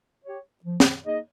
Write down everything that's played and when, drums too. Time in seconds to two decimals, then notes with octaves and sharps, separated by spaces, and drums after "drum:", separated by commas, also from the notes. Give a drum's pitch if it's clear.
0.24 G4 C#5
0.64 F3
0.80 drum: snare
1.05 A#3 D#4 G#4 D#5